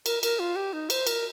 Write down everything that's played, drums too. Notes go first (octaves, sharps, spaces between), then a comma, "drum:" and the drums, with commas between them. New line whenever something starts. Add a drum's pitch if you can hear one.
A#4, drum: cymbal
A#4, drum: cymbal
F4
G4
D#4
C5, drum: cymbal
A#4, drum: cymbal